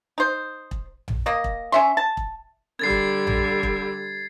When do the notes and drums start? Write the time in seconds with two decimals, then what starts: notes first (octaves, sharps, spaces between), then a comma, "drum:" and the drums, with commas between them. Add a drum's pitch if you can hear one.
0.18 D#4 C5
0.71 drum: kick E1
1.08 drum: tom A#1
1.26 A#3 D#5
1.44 drum: kick E1
1.72 C#4 E5 C6
1.97 A5
2.17 drum: kick E1
2.79 D3 G3 G#6 A6 C7
2.90 drum: kick E1
3.27 drum: tom A#1
3.63 drum: kick E1